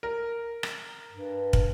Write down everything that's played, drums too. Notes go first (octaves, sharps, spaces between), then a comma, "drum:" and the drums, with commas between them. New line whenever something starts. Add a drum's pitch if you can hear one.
A#4
drum: rim click
G2
drum: kick